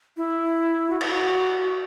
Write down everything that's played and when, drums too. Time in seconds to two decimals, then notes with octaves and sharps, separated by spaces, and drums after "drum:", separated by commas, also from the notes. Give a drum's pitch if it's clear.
0.17 E4
0.90 F#4
1.01 E4, drum: cymbal
1.10 F#4